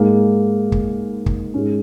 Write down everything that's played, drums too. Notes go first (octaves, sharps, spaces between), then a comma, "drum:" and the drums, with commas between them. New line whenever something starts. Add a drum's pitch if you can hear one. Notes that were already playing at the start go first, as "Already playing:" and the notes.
Already playing: G#2 G#3 A#3
drum: kick
drum: kick
G#2 D#3 G#3 C#4